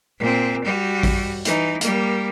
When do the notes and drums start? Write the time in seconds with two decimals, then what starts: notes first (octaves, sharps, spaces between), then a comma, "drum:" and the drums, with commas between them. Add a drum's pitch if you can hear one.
0.18 A#2 C4
0.64 G3 F#4
1.03 drum: kick A1, open hi-hat
1.45 E3 D#4, drum: hi-hat
1.81 G3 A#3, drum: hi-hat